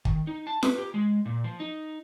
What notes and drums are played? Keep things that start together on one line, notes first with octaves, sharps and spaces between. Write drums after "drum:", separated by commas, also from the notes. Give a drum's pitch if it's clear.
D#3, drum: kick G1
D#4
A5
B4, drum: snare
G4
G#3
A#2
F3
D#4